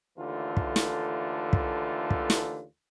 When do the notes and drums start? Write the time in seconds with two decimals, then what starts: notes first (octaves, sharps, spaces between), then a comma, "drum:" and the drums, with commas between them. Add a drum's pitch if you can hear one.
0.18 D#2 D3 E3 A3 F4
0.57 drum: kick
0.76 drum: snare
1.53 drum: kick
2.10 drum: kick
2.30 drum: snare